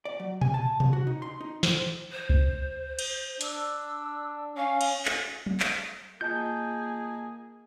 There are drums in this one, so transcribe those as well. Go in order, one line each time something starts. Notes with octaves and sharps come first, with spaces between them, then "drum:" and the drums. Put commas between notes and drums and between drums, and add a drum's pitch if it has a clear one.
D5
F#3
G#5, drum: tom A#2
A5
C2, drum: tom B2
F#4
D#4
C6
D#4
C5, drum: snare
C5
drum: kick C#2
drum: cymbal
D4 E6, drum: hi-hat
C#4 F5
drum: cymbal
drum: clap
drum: tom
drum: clap
A#3 F4 G#4 D#5 A5 G6